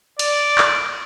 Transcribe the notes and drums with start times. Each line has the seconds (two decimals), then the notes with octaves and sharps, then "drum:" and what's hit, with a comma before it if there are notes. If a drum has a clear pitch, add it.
0.19 D5, drum: cymbal
0.58 drum: clap